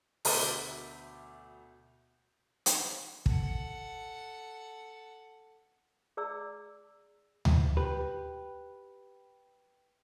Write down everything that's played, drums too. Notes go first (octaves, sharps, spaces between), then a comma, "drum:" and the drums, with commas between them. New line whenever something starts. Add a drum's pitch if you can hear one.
D2 B2 E5 D6 G6 A6, drum: open hi-hat
drum: hi-hat
A4 F#5, drum: kick
G#4 D5 A#5 E6
drum: tom D2
G4 B4